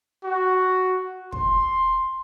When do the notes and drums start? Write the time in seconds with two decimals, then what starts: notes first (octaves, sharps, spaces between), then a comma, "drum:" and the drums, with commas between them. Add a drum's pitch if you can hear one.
0.24 F#4
1.32 C6, drum: kick